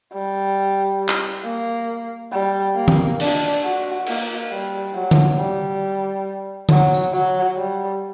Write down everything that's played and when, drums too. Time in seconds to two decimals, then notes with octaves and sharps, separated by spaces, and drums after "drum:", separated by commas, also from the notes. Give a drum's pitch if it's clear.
0.13 G3
1.09 drum: clap
1.44 A#3
2.32 G3
2.76 A#3
2.88 drum: tom D#3
3.20 D4, drum: cymbal
3.64 F#4
4.06 A#3, drum: cymbal
4.50 G3
4.94 F#3
5.11 drum: tom D3
5.38 G3
6.69 F#3, drum: tom D3
6.94 drum: tambourine
7.12 F#3
7.57 G3